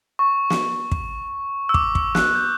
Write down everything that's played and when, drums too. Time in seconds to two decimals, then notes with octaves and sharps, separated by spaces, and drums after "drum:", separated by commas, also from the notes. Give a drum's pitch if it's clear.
0.19 C#6
0.50 drum: snare
0.92 drum: kick
1.69 E6
1.74 D6, drum: kick
1.95 E6, drum: kick
2.15 F#6, drum: snare
2.35 G6